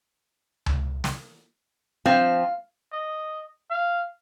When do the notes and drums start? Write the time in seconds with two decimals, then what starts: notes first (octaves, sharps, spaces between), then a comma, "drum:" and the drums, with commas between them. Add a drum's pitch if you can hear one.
0.66 drum: tom C#2
1.04 drum: snare
2.06 F3 C4 F5
2.92 D#5
3.71 F5